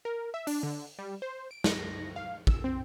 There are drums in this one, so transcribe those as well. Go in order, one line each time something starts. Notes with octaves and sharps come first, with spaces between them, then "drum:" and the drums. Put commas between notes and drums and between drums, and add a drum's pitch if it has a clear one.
A#4
E5
D4, drum: open hi-hat
D3
G3
C5
D7
A#6, drum: snare
F5
E6, drum: kick
C4